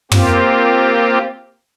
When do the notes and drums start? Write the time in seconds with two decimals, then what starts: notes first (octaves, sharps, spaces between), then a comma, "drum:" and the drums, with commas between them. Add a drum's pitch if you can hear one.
0.12 A#3 C4 F4 G4, drum: tom